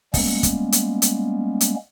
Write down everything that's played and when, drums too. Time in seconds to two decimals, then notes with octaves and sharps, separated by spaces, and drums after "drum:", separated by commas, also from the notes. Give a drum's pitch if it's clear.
0.14 G3 G#3 A#3 B3 C#4, drum: kick, open hi-hat
0.43 drum: kick, hi-hat
0.72 drum: hi-hat
1.02 drum: hi-hat
1.61 drum: hi-hat